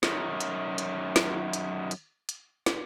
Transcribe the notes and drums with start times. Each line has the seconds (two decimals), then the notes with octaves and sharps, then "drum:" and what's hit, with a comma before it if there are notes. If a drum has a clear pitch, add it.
0.03 F#2 D#3, drum: snare
0.40 drum: hi-hat
0.78 drum: hi-hat
1.16 drum: snare
1.53 drum: hi-hat
1.91 drum: hi-hat
2.29 drum: hi-hat
2.66 drum: snare